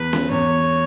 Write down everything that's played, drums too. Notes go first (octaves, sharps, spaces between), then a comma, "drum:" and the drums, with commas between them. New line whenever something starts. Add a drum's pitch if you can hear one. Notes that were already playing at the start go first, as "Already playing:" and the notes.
Already playing: E2 B4
drum: snare C#4
E2 C#5